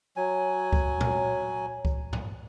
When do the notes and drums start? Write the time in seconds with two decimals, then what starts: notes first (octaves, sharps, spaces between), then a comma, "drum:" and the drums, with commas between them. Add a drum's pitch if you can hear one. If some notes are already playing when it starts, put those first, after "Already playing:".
0.16 F#3 G#5
0.73 drum: kick C#2
1.01 drum: tom A#2
1.85 drum: kick C#2
2.13 drum: tom G#2